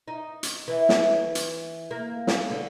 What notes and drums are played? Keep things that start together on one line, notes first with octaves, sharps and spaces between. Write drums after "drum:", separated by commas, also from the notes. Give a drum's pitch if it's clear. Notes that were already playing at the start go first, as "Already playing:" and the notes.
D#4
drum: hi-hat
E3
drum: snare
drum: hi-hat
A#3
drum: snare
D3